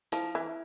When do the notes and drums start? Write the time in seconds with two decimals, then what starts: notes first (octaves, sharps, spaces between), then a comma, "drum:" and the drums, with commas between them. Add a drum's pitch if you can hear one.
0.12 F3 E4, drum: tambourine
0.35 E3